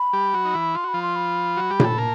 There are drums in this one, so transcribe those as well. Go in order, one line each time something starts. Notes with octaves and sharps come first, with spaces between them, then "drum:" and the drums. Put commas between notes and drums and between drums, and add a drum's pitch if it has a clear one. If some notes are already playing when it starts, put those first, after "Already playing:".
Already playing: B5
G3 G4
F#3 F#4
D#4
E3 E4
F4 C6
F#4 B5
F3 F4
C6
B5
F#3 F#4
G3 G4
G#4, drum: tom A#2
A3 A4
A#3 A#4 A5